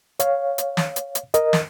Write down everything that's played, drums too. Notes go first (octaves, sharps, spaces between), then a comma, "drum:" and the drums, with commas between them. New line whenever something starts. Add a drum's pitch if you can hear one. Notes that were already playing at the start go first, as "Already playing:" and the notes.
C#5 F5, drum: hi-hat
drum: hi-hat
drum: snare
drum: hi-hat
drum: hi-hat
A#4 D#5, drum: hi-hat
drum: snare